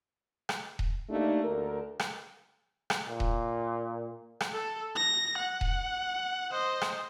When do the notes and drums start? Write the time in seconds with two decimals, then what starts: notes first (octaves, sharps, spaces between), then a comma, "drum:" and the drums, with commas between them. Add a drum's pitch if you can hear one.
0.49 drum: rim click
0.79 drum: kick D#1
1.10 A3 A#3 D4 D#4 G4
1.44 D2 A4 A#4
2.00 drum: rim click
2.90 drum: rim click
3.09 A#2
3.20 drum: kick D#1
4.41 drum: rim click
4.54 A4
4.96 A#6
5.37 F#5
5.61 drum: kick D#1
6.51 C5 D#5
6.82 drum: rim click